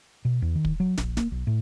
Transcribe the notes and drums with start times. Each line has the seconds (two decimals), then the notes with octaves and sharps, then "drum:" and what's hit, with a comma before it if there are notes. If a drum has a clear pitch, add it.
0.25 B2
0.42 E2
0.55 D#3
0.65 drum: kick
0.80 F#3
0.98 A#1, drum: snare
1.17 A#3, drum: snare
1.32 B1
1.47 A2